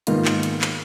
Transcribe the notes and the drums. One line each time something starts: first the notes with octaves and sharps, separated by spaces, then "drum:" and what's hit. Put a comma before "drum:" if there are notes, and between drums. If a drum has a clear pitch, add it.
G#2 D#3 A#3 B3 D#4 F4, drum: hi-hat
drum: clap
drum: hi-hat
drum: clap